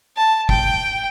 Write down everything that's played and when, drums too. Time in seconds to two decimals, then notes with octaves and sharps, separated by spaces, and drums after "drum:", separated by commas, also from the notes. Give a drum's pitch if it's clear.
0.17 A5
0.49 G5, drum: kick